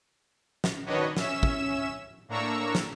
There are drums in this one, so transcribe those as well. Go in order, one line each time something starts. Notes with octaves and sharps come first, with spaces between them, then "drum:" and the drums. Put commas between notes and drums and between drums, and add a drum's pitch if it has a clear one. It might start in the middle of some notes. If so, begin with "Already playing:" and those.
drum: snare
D#3 D4 F#4 B4 C#5 D#5
C#4 E5 E6 E7, drum: snare
drum: kick
A2 A#3 D4 A#5 C#6 E6
drum: snare